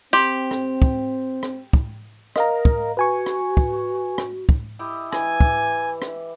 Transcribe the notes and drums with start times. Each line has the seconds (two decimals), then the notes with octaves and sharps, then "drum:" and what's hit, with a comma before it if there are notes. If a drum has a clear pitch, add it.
0.13 C4 G4 C6
0.51 drum: rim click
0.82 drum: kick
1.43 drum: rim click
1.73 drum: kick
2.36 A#4 D#5 F5 A#5, drum: rim click
2.65 drum: kick
2.97 F#4 B4 G#5 C#6
3.26 drum: rim click
3.57 drum: kick
4.18 drum: rim click
4.49 drum: kick
4.79 E4 G4 D#5
5.13 E3 G#5, drum: rim click
5.40 drum: kick
6.02 drum: rim click